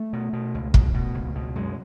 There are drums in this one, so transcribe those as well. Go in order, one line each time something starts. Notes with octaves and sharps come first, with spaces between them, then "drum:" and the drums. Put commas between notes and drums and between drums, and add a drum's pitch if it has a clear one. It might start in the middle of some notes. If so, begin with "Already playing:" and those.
Already playing: A3
B2
B2
C#2
B2, drum: kick
B2
C#2
B2
F#2 G#3